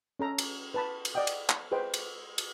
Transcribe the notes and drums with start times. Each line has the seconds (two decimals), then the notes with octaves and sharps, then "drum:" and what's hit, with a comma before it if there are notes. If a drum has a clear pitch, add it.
0.19 C#4 A4 A#5
0.38 drum: cymbal
0.74 B4 A5 B5
1.05 drum: cymbal
1.14 D5 D#5 F#5 G5 D#6
1.27 drum: cymbal
1.49 drum: clap
1.71 G#4 B4 C5 D#5 G5
1.94 drum: cymbal
2.38 drum: cymbal